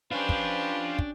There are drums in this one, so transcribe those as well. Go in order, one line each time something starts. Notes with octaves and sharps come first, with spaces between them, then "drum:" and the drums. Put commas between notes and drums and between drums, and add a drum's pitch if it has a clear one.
C#4 D4 F4 G4 B4 C5
drum: kick
drum: kick